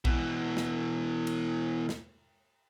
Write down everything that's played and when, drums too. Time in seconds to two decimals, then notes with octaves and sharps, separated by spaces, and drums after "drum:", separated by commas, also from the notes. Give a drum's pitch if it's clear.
0.05 B2 E3, drum: kick A#1
0.57 drum: snare
1.27 drum: cymbal
1.89 drum: snare